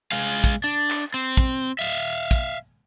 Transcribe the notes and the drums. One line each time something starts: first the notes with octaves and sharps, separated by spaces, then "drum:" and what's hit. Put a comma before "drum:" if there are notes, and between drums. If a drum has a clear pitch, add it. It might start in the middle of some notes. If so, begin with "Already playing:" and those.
G#3 F5
drum: kick, hi-hat
D4
drum: clap
C4
drum: kick, hi-hat
E5 F5
drum: kick, hi-hat